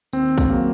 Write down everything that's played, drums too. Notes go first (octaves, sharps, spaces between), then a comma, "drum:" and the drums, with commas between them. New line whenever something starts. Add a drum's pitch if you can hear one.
D#2 C4, drum: tambourine
drum: kick, tambourine
C#3 F#3 A#3